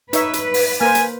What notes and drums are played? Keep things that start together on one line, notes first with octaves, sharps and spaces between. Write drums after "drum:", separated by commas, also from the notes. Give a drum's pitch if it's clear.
D#4 B4 C#5 E5, drum: hi-hat
drum: hi-hat
drum: open hi-hat
A#3 A#4 C5 G#5
drum: hi-hat